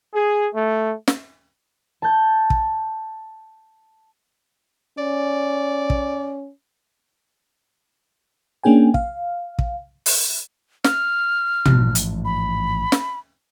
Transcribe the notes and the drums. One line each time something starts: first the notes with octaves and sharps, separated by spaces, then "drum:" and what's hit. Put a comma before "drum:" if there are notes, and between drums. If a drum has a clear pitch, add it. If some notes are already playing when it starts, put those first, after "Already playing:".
G#4
A3
drum: snare
A5 G6
drum: kick
C#4 D5
drum: kick
A#3 C#4 D4 G#4 G5 G#5
F5, drum: kick
drum: kick
drum: open hi-hat
F6, drum: snare
A1 G#2 F3, drum: tom
drum: hi-hat
B5
drum: snare